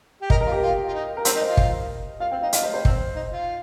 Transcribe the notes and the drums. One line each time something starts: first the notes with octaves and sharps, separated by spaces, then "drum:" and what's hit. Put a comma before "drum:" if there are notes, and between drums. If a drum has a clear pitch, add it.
G4
A#4 D#5, drum: kick
A#4
F4
G4
F4
F4
D#4
A#4
C4 C5, drum: hi-hat
D#4
D#5
F4
drum: kick
F4 F5
C4 G5
D#4 F5
F4 D#5, drum: hi-hat
C5
C5
C4, drum: kick
D#4
F4